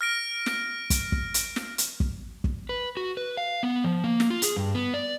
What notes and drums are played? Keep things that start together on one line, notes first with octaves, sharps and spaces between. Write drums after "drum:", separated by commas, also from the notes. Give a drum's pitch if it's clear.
F6 A#6 D7
drum: snare
drum: kick, hi-hat
drum: kick
drum: hi-hat
drum: snare
drum: hi-hat
drum: kick
drum: kick
B4
F#4
B4
F5
B3
F3
A#3
drum: snare
F4
G#4, drum: hi-hat
G2
B3
D5